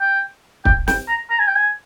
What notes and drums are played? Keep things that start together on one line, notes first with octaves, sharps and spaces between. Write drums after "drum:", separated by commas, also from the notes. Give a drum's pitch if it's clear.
G5
G5, drum: kick
G5, drum: snare
A#5
A#5
G#5
G5
G#5